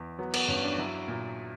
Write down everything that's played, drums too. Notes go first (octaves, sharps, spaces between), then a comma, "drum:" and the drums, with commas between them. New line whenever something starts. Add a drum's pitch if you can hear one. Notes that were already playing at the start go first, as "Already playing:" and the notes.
Already playing: E2
F#3 B3
B3, drum: cymbal
G2 C#4
D4
F#4
F#3 E4
A#2